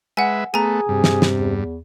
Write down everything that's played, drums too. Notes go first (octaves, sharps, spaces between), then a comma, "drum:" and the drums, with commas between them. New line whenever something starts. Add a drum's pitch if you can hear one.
G#3 B4 E5 F#5 G#5
A3 B3 G#4 G#5 A#5
G2 C3
drum: snare
drum: snare
E2